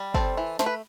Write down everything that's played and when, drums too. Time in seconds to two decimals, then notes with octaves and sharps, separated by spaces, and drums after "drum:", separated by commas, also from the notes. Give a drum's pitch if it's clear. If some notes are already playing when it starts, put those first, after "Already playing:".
Already playing: G3
0.14 C4 A4 C5, drum: kick
0.37 E3
0.59 A3 C5, drum: snare
0.66 B4